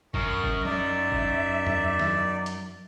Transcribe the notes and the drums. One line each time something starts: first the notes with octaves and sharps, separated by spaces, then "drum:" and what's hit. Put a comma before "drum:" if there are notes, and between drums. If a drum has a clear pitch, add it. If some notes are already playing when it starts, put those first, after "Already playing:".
F#2 A#4 D#5 C#6, drum: kick G1
drum: kick G1
D#4 D5 E5, drum: tom
drum: kick G1
drum: tom E2
drum: snare
drum: hi-hat